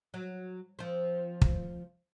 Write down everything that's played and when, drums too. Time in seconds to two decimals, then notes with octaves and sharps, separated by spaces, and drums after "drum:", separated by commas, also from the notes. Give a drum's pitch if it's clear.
0.14 F#3
0.79 F3 C4
1.42 drum: kick